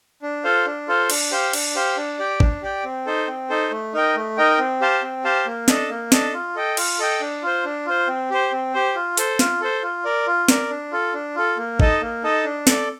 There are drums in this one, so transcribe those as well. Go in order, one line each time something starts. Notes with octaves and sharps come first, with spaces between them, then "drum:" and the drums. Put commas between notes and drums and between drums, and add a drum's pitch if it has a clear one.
D4
F4 A4 C5 F5
D4
F4 A4 C5 F5
D4, drum: cymbal
G4 C5 F5
D4, drum: cymbal
G4 C5 F5
D4
G4 D5 G5
D4, drum: kick G#1
G4 D5 G5
C4
D#4 A4 C5
C4
D#4 A4 C5
A3
D#4 A#4 D#5 G5
A3
D#4 A#4 D#5 G5
C4
G4 C5 F5 A5
C4
G4 C5 F5 A5
A#3
D4 A4 D#5 A5, drum: snare
A#3
D4 A4 D#5 A5, drum: snare
F4
A4 D#5 G5
F4, drum: cymbal
A4 D#5 G5
D4
F4 C5
D4
F4 C5
C4
G4 C5
C4
G4 C5
F4
A4 C5, drum: hi-hat
F4, drum: snare
A4 C5
F4
A#4 D5
F4
A#4 D5, drum: snare
D4
F4 A4
D4
F4 A4
A#3
D#4 A4 D#5 A5, drum: kick G#1
A#3
D#4 A4 D#5 A5
D4
A4 D5, drum: snare